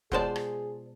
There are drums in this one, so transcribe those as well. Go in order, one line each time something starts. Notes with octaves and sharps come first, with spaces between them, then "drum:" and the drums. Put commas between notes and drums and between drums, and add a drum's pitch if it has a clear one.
B2 G#3 F4 G#4 C5 D5 A5, drum: kick
drum: rim click